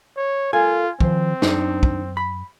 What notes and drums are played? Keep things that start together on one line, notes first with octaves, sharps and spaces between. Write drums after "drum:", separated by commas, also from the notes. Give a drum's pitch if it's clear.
C#5
F4 A4 A#4 F5 G#5
D#3 F3 C4 C5, drum: kick
F#2 D4 D#4 C5, drum: snare
drum: kick
B5